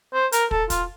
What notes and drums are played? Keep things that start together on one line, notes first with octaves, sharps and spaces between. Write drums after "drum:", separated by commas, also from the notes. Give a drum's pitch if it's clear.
C5
A#4, drum: hi-hat
A4, drum: kick
F4, drum: kick, hi-hat